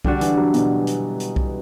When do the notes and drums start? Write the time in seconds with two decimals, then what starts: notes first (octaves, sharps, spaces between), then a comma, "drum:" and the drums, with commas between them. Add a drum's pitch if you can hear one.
0.05 D3 G3 D4 F#4, drum: kick B1
0.21 E3, drum: hi-hat
0.37 F#3
0.54 B2, drum: hi-hat
0.87 drum: hi-hat
1.20 drum: hi-hat
1.36 drum: kick B1